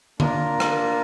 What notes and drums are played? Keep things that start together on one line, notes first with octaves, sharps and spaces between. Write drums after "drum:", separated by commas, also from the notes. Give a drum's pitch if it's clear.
A#3 D4 F4 A#4, drum: tom D3
drum: rim click